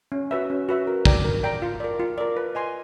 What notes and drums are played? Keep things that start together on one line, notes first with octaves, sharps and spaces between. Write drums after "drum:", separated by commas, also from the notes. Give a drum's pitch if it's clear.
C#4
F#4 B4 E5
C#4
F#4 B4 E5
A#4
D5 G5 A#5, drum: kick
A#4
D5 G5 A#5
F4
A#4 D5
F4
A#4 D5
B4
D#5 G#5 C6